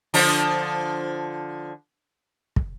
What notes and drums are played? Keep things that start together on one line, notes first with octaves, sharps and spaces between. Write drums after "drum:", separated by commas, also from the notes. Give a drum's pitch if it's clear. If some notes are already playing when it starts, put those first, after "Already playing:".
D3 F3, drum: open hi-hat
drum: kick